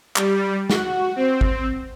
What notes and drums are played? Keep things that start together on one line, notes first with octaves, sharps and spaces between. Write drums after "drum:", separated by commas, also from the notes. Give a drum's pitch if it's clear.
G3, drum: clap
F#4, drum: snare
C4
drum: kick